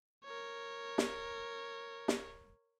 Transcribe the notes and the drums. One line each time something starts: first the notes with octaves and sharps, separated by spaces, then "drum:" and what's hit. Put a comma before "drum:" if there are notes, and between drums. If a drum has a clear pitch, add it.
A#4 C#5
drum: snare
drum: snare